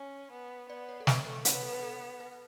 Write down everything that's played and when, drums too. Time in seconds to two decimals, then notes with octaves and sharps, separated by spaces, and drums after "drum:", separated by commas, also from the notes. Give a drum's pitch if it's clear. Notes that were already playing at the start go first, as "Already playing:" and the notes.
Already playing: C#4
0.32 B3
0.69 B3 D5
0.89 C#5
1.00 A4
1.07 A3 B4, drum: snare
1.26 A4
1.45 B3 C#5, drum: hi-hat
1.54 B4
1.63 A4
1.72 B4
1.83 A4
2.20 B4